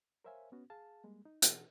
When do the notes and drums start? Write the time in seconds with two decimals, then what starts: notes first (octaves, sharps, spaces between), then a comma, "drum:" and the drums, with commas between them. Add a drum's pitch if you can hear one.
0.24 A#4 C5 C#5 E5 F5 G#5
0.52 B3 C#4 F#4
0.70 G#4 F5 A5
1.04 G3 G#3 A#3
1.25 D#4
1.42 B2 E3 G#4 F#5, drum: hi-hat